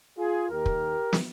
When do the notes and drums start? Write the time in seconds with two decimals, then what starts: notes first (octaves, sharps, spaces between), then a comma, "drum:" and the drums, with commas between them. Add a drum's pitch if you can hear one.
0.18 F4 G#4
0.50 D#2 D#3 A#3 G4 A#4
0.66 drum: kick
1.13 drum: snare